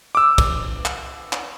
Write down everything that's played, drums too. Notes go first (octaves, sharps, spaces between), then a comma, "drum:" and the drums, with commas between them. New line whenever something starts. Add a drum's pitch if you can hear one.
D6 E6
drum: kick, cymbal
drum: clap
drum: clap